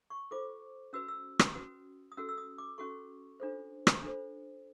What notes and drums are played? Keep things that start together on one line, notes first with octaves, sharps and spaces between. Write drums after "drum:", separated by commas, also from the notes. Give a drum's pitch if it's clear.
C#6
F4 A4 C5 D6
C#4 F#4 B4 E6
E6
drum: rim click
C#4 F#4 B4 D#6
D#6
C#4 F#4 A4 E6
E6
D#6
D6
C#4 F#4 A4 C#6
D4 F4 A4 C5
drum: rim click
D4 F4 A4 C5